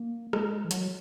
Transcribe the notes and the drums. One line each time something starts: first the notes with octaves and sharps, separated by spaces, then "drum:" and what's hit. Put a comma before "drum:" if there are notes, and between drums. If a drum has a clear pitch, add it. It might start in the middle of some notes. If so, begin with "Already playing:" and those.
Already playing: A#3
G#3, drum: rim click
E3
F#3, drum: hi-hat